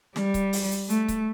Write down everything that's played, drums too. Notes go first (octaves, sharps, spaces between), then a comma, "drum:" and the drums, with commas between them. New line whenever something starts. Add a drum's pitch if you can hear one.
G3, drum: snare
drum: kick C#1, hi-hat
drum: open hi-hat
drum: hi-hat
A3, drum: hi-hat
drum: kick C#1, hi-hat